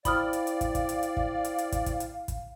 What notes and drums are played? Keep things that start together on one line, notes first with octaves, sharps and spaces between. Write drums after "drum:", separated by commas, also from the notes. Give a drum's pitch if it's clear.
E4 C5 D5 F5 G5 B5 D#6 F6, drum: kick, hi-hat
drum: hi-hat
drum: hi-hat
drum: kick, hi-hat
drum: kick, hi-hat
drum: hi-hat
drum: hi-hat
drum: kick
drum: hi-hat
drum: hi-hat
drum: kick, hi-hat
drum: kick, hi-hat
drum: hi-hat
drum: kick, hi-hat